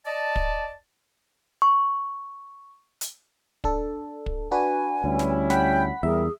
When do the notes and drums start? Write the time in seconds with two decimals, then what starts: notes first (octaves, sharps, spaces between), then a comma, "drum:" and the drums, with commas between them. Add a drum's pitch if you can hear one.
0.05 D5 D#5 A5
0.36 drum: kick
1.62 C#6
3.01 drum: hi-hat
3.64 D4 A4, drum: kick
4.26 drum: kick
4.51 D4 F#4 B4 G#5
5.04 D2 G3 C#4 E4
5.19 drum: snare
5.50 F#5 G5 B5 B6, drum: snare
6.03 E2 G3 G#4 A#4 E5